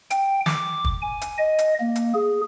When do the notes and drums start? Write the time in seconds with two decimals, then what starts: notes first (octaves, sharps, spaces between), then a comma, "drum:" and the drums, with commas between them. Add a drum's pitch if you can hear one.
0.10 G5, drum: hi-hat
0.46 D6, drum: snare
0.84 drum: kick
1.02 G#5
1.21 drum: hi-hat
1.38 D#5
1.59 drum: hi-hat
1.80 A#3
1.96 drum: hi-hat
2.14 G#4